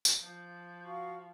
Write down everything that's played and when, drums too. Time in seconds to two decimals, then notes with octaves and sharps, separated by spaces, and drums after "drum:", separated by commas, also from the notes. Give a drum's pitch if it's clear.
0.05 drum: tambourine
0.21 F3 G6
0.84 F#4 F5 C#6